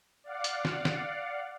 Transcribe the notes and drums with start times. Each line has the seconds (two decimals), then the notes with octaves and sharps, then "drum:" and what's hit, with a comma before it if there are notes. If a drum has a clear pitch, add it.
0.24 D5 F5 F#5
0.44 drum: hi-hat
0.65 drum: snare
0.85 drum: snare